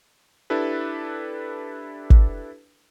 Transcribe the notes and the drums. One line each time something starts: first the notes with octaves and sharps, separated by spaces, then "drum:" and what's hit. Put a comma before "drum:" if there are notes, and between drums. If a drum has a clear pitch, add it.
D4 E4 G4 A4 B4
drum: kick